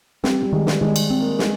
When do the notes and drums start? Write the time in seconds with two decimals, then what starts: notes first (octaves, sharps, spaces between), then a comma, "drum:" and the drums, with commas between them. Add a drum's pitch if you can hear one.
0.24 G3 C4, drum: snare
0.42 G3
0.53 D#3 G#3
0.67 drum: snare
0.81 D#3 G#3
0.96 drum: cymbal
1.10 C4
1.20 A#3
1.39 G#3, drum: snare